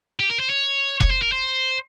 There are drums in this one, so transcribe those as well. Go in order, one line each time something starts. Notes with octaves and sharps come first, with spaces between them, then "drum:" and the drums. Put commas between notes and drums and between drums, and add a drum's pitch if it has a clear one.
G4
A#4
C5
C#5
C#5, drum: kick F1
C5
A#4
C5